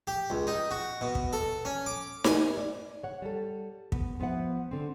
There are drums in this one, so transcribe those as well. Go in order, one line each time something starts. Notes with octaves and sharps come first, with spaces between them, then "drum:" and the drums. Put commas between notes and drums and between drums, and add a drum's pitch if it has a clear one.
G4
C#2
D#4
F#4
B2
drum: kick
A4
C#4
D6
G#5, drum: snare D#4
D5
C#5 F#5
G3 A4
B3, drum: kick
F3 B3 C5 E5 F#5
D3 C4